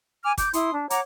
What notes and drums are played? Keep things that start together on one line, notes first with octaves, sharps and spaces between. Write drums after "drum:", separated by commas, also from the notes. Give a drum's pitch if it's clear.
G#5 D6 F6
D6 G6, drum: kick, hi-hat
E4 C6 D#6, drum: hi-hat
D4
C#5 F#5 A#5 D6, drum: hi-hat